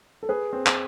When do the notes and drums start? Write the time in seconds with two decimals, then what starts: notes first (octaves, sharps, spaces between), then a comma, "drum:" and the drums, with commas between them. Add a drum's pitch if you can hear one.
0.23 A4
0.29 G#4 B4
0.53 C4
0.67 C4, drum: clap